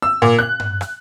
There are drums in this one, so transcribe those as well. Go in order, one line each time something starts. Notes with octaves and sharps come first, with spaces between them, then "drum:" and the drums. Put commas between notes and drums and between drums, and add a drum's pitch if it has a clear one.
E6
A#2
F#6
drum: tom G2
drum: rim click